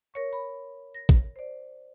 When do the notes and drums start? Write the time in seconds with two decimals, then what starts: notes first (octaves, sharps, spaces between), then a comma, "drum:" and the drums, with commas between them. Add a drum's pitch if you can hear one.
0.14 A#4 C#5 C#6
0.33 B5
0.95 A#6
1.09 drum: kick
1.36 C5 D5